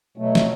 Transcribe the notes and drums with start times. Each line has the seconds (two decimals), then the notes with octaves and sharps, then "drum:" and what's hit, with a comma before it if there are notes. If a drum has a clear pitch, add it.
0.17 B2 F#3 A3
0.35 drum: snare